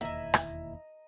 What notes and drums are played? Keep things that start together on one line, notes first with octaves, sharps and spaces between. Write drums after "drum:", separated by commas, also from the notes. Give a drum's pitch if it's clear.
E1 D#2 A#3 E4 D#5 E5 A#5
drum: rim click